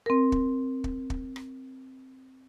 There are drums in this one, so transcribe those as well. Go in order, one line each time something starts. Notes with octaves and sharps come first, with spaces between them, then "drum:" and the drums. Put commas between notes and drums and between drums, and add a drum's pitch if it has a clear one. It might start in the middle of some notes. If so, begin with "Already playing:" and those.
C4 A#4
drum: kick
drum: kick
drum: kick
drum: rim click